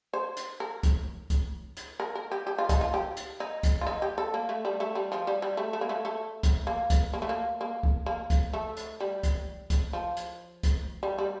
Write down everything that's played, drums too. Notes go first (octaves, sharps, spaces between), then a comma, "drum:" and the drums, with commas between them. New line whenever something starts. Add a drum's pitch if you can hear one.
C5
drum: hi-hat
A#4
drum: kick C#2, hi-hat
drum: kick C#2, hi-hat
drum: hi-hat
A#4
A#4
G4
G4
F4
D#4, drum: kick C#2, hi-hat
F4
G4
drum: hi-hat
D#4
drum: kick C#2, hi-hat
F4
D#4
G4
A4
A#3
A3
G3
A3
G3
F3
G3
G3
A3
A3
A#3
A3
A3
drum: kick C#2, hi-hat
A#3
drum: kick C#2, hi-hat
A#3
A3
A#3
A#3
drum: kick C#2
A#3
drum: kick C#2, hi-hat
A3
drum: hi-hat
G3
drum: kick C#2, hi-hat
drum: kick C#2, hi-hat
F3
drum: hi-hat
drum: kick C#2, hi-hat
G3
G3